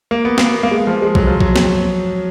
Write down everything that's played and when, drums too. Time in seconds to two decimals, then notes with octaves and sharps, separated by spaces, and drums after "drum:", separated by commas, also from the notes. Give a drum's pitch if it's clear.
0.11 A#3
0.25 B3
0.38 A#3, drum: snare
0.63 A#3
0.71 G#3
0.87 F3
1.02 G#3
1.15 F#3, drum: kick A#1
1.27 F3
1.40 F#3, drum: kick A#1
1.56 drum: snare